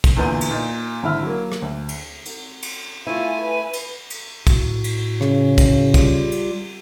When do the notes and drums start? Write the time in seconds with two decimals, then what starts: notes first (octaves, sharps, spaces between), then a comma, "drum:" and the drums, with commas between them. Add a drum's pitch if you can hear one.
0.04 drum: kick, cymbal
0.16 E2 A#2 D3 B3 G6 D#7
0.41 drum: cymbal
0.51 A#2 D#4
1.03 G#1 D3 E4 E5 F6
1.23 F#3 A#3
1.52 drum: rim click
1.62 D2
1.89 drum: cymbal
2.26 drum: cymbal
2.62 drum: cymbal
3.07 A3 E4 F4 G#5
3.41 B4
3.73 drum: cymbal
4.10 drum: cymbal
4.47 A2 F#4, drum: kick, cymbal
4.84 drum: cymbal
5.21 C#3, drum: rim click
5.58 drum: kick, cymbal
5.94 G3 F4 G4, drum: kick, cymbal
6.32 drum: cymbal